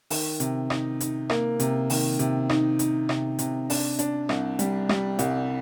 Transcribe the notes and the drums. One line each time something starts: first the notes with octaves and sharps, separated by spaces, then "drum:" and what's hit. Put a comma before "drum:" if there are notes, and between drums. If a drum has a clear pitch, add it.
D#3, drum: open hi-hat
C3, drum: hi-hat
D#4, drum: rim click
D#4, drum: hi-hat
A#3, drum: rim click
C3, drum: hi-hat
D#3, drum: open hi-hat
C3, drum: hi-hat
D#4, drum: rim click
D#4, drum: hi-hat
C3, drum: rim click
C3, drum: hi-hat
D4, drum: open hi-hat
D4, drum: hi-hat
C2, drum: rim click
G3, drum: hi-hat
G3, drum: rim click
C2, drum: hi-hat